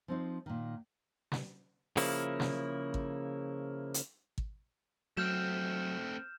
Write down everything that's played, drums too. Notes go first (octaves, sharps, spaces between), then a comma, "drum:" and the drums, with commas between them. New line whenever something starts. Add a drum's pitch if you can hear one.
F3 C4 D#4
A#2 D#3
drum: snare
C#3 F3 A#3 E4, drum: open hi-hat
drum: snare
drum: kick
drum: hi-hat
drum: kick
F#3 A3 C4 F6 G6 E7